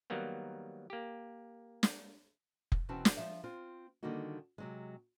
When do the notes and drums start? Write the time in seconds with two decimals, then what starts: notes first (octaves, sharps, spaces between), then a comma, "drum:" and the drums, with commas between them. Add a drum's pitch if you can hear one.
0.10 D#3 F#3 G3 A#3 B3
0.90 A#3 G4
1.83 drum: snare
2.72 drum: kick F1
2.89 B2 E3 C4 C#4 F#4 A5
3.05 drum: snare
3.17 F3 E5
3.44 C4 F4
4.03 D3 D#3 G3 A#3 D#4 F#4
4.58 C3 F#3 G#3